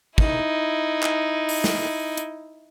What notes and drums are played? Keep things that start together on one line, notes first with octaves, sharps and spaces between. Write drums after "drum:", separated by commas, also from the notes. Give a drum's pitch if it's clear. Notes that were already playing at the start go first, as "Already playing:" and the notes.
D#4 E4, drum: kick
drum: clap
drum: open hi-hat
drum: snare
drum: hi-hat